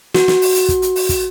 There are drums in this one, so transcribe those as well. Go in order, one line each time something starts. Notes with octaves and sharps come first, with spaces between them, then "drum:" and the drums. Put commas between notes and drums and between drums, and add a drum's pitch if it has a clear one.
F#4, drum: snare
drum: snare
drum: open hi-hat
drum: hi-hat
drum: kick, hi-hat
drum: hi-hat
drum: open hi-hat
drum: kick, hi-hat